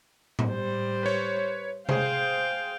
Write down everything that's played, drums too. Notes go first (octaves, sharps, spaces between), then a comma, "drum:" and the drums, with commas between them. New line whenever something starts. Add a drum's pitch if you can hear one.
drum: tom A2
G3 C5
B4 C#5
G#4 C5 F5 G5, drum: tom C3